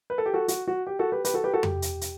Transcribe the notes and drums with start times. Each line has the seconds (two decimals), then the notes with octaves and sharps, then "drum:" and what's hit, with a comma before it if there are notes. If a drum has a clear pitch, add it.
0.10 B4
0.18 A4
0.26 G4
0.34 F#4 A4
0.48 F#4, drum: hi-hat
0.68 F#4
0.87 G4
0.99 F#4 A4
1.12 G4 B4
1.25 G4 B4, drum: hi-hat
1.34 F#4 A4
1.44 G4 B4
1.54 F#4 A4
1.63 G4, drum: tom F2
1.82 drum: hi-hat
2.01 drum: hi-hat